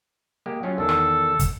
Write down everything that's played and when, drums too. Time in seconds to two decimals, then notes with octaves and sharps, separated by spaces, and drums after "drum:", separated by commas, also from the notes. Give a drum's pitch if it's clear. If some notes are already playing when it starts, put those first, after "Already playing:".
0.46 G#3 A#3 G4
0.63 F#3 C#4 F4
0.78 E2 D#3 A4
0.89 drum: rim click
1.39 drum: kick, hi-hat